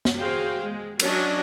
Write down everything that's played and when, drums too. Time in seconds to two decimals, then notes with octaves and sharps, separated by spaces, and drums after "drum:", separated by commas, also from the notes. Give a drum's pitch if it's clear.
0.05 drum: snare
0.18 F#4 G#4 C5 F5 G5
0.62 G#3
1.00 F#3 C#4 D4 F#4 D#5, drum: cymbal